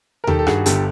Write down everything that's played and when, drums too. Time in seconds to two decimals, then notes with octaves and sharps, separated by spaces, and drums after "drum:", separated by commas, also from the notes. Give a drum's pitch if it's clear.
0.24 A#4
0.27 D#3 G4 A4, drum: tom D#2
0.39 A4
0.47 G2 F#4 G#4, drum: rim click
0.66 G1 G4 A4, drum: hi-hat